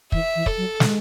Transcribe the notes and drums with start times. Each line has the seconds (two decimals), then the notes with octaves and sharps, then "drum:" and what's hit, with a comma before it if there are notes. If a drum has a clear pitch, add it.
0.12 E3 E5, drum: kick
0.35 E3
0.46 A4, drum: kick
0.57 F#3
0.80 G#3, drum: snare